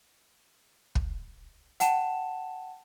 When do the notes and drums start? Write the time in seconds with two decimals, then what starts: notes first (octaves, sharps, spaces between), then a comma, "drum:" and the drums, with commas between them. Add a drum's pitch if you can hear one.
0.95 drum: kick
1.80 F#5 G5 A5 E7, drum: hi-hat